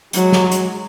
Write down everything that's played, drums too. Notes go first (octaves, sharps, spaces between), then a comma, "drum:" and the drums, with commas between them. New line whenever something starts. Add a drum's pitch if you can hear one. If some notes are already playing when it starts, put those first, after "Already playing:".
F#3 G#3, drum: hi-hat
drum: snare
drum: hi-hat